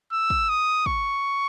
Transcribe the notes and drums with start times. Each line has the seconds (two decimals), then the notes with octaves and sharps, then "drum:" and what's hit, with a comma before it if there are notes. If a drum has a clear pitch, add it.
0.12 E6
0.30 drum: kick
0.49 D#6
0.86 C#6, drum: kick